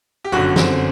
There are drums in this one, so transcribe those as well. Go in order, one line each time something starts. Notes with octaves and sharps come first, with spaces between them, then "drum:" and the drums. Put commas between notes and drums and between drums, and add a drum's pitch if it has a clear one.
G4
G1 F#2 D3 F#4
C4, drum: snare